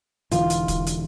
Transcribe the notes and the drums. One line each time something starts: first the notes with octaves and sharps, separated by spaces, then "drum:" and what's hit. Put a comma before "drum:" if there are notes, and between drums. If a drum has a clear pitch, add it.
E1 D3 E3 F4, drum: hi-hat
drum: hi-hat
drum: kick, hi-hat
drum: hi-hat